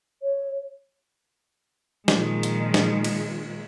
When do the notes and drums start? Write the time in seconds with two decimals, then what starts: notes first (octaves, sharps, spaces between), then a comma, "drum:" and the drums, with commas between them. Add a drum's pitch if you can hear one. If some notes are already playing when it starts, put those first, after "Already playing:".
0.23 C#5
2.08 A#2 D#3 F3 G#3, drum: snare
2.43 drum: hi-hat
2.74 drum: snare
3.04 drum: cymbal